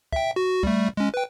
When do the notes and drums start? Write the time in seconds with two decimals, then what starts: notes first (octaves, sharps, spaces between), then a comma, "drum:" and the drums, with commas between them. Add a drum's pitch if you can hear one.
0.13 E5 G5, drum: kick
0.36 F#4
0.63 G3 A3, drum: kick
0.97 G#3 C#4
1.14 B4 G5